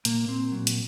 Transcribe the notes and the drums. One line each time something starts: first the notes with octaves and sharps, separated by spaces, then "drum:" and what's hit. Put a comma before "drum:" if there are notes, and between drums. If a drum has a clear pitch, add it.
A#2 A#3, drum: hi-hat
A#2 C4
F#3
drum: hi-hat